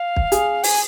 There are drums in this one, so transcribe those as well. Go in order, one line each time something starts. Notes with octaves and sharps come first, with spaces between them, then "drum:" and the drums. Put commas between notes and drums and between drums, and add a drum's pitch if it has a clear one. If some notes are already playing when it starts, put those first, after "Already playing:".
Already playing: F5
drum: kick
G#4, drum: hi-hat
G#5, drum: open hi-hat